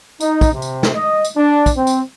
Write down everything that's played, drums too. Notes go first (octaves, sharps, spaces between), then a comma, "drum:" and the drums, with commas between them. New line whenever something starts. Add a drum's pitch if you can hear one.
D#4, drum: tambourine
drum: kick, tambourine
C3
drum: tambourine
drum: snare
D#5
drum: tambourine
D4
drum: kick, tambourine
C4
drum: tambourine